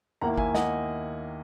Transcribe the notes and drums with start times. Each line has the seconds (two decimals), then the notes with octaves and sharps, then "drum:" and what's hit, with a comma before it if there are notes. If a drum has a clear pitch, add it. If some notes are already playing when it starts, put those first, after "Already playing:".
0.21 D#2 D#3 A#3 E4 F#5 A#5
0.38 E5 G#5, drum: kick G#1
0.55 D#5 F#5, drum: snare